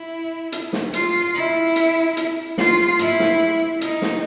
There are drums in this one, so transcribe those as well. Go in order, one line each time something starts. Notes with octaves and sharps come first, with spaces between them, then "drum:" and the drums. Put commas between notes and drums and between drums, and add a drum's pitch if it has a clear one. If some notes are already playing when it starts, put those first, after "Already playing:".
Already playing: E4
drum: hi-hat
drum: snare
F4, drum: hi-hat
E4
drum: hi-hat
drum: hi-hat
F4, drum: snare
E4, drum: hi-hat
drum: snare
D#4, drum: hi-hat
drum: snare